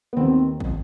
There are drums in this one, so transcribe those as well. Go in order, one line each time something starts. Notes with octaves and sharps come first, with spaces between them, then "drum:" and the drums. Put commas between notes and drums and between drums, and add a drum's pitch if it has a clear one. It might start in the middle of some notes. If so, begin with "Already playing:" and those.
B3
D#2 D#3 C4
drum: kick